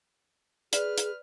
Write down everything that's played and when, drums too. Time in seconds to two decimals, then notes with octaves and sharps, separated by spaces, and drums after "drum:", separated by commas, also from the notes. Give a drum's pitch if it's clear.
0.73 G#4 B4 D5 F6, drum: hi-hat
0.98 drum: hi-hat